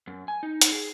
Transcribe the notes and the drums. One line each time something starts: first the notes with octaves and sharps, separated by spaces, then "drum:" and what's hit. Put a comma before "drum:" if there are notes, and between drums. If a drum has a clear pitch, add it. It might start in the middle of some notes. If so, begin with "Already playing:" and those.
F#2
G#5
D#4
drum: hi-hat
G#4